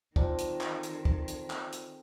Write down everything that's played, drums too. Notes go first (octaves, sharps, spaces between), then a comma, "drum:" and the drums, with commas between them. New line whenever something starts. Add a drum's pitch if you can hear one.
D#3 C4 F4 A4 A#4 C5 D5, drum: kick
drum: hi-hat
drum: clap
drum: hi-hat
drum: kick
drum: hi-hat
drum: clap
drum: hi-hat